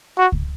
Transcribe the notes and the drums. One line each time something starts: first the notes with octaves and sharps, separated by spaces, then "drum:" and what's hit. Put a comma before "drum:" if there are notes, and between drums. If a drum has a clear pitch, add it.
F#4
drum: kick C#2